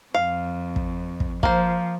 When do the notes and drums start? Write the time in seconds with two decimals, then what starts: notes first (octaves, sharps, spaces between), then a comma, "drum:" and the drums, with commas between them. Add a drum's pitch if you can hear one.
0.14 F2 F5
0.76 drum: kick
1.20 drum: kick
1.43 F3 A#3 C5, drum: kick